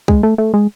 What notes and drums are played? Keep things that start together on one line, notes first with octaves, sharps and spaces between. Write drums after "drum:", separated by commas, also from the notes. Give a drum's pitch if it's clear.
G#3, drum: kick C2
A3
A3
G#3